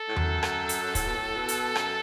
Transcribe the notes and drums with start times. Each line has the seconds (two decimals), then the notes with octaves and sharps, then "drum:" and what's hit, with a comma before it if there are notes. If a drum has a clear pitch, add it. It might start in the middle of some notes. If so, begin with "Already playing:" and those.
Already playing: A4
0.08 A2
0.16 F#2, drum: tom E2
0.43 drum: rim click
0.69 drum: hi-hat
0.95 A2, drum: kick, hi-hat
1.06 B2
1.15 A2
1.36 B2
1.48 drum: hi-hat
1.75 F#2, drum: rim click